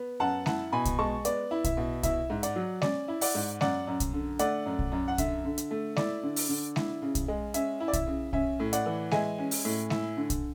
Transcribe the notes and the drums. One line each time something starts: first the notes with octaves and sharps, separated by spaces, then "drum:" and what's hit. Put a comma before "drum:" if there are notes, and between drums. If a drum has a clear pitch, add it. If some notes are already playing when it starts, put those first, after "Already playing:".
Already playing: B3
F#2 F#5 A5
E4 F#5 A5, drum: snare G#3
B2 G#5 B5
drum: kick, hi-hat
G#3 A5 C#6
B3 D5, drum: hi-hat
E4
E5, drum: kick, hi-hat
B2
E4 E5, drum: kick, hi-hat
G#2
D5 F#5, drum: hi-hat
F#3
C#4 D5, drum: snare G#3
E4
D5 F#5, drum: open hi-hat
G#2
F#2 D5 F#5, drum: snare G#3
F#2
drum: kick, hi-hat
D3
A3 D5 F#5, drum: hi-hat
F#2
drum: kick
F#2
F#5
D3 E5, drum: kick, hi-hat
D3
drum: hi-hat
A3
E4 D5, drum: snare G#3
D3
drum: open hi-hat
D3
E4, drum: snare G#3
C#3
drum: kick, hi-hat
G#3
C#4 E5, drum: hi-hat
E4
D5
E5, drum: kick, hi-hat
C#3
C#4 E5, drum: kick
A2
D5 F#5, drum: hi-hat
E3
G#3 E5 G#5, drum: snare G#3
C#4
drum: open hi-hat
A2
E4, drum: snare G#3
D3
drum: kick, hi-hat